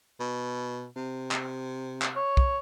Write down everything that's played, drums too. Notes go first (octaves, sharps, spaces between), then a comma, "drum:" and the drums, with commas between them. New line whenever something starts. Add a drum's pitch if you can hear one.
B2
C3
drum: clap
drum: clap
C#5
drum: kick